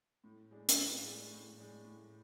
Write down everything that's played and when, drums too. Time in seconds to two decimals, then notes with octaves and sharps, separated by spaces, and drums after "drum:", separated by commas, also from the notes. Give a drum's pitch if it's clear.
0.24 A2
0.51 G#3 D4
0.69 drum: hi-hat
0.78 A2
1.04 G#3 D4
1.32 A2
1.57 G#3 D4
1.85 A2